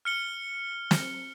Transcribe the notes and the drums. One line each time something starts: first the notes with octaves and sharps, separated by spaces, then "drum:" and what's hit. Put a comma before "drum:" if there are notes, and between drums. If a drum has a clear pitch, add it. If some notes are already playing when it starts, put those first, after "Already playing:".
F6 C#7 G7
drum: snare